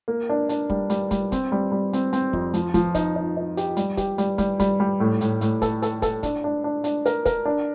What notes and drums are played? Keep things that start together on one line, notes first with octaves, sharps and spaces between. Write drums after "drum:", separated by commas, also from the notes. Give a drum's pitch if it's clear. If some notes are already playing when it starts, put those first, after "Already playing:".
A#3
D4
D4, drum: hi-hat
G3, drum: kick
G3, drum: hi-hat
G3, drum: kick, hi-hat
C4, drum: kick, hi-hat
G3
G3
C4, drum: hi-hat
C4, drum: hi-hat
F2, drum: kick
F3, drum: hi-hat
F3, drum: kick, hi-hat
D#4, drum: kick, hi-hat
D#4
D#4
G4, drum: hi-hat
G3, drum: hi-hat
G4, drum: kick, hi-hat
G3, drum: hi-hat
G3, drum: kick, hi-hat
G3, drum: kick, hi-hat
G3
A2
A2, drum: hi-hat
A2, drum: hi-hat
A4, drum: kick, hi-hat
A4, drum: hi-hat
A4, drum: kick, hi-hat
D4, drum: kick, hi-hat
D4
D4
D4, drum: hi-hat
A#4, drum: hi-hat
A#4, drum: kick, hi-hat
D4